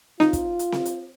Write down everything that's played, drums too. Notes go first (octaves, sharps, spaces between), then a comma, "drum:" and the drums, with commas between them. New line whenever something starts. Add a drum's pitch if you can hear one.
D#4 F4, drum: snare C4
drum: kick, hi-hat
drum: hi-hat
drum: snare C4
drum: hi-hat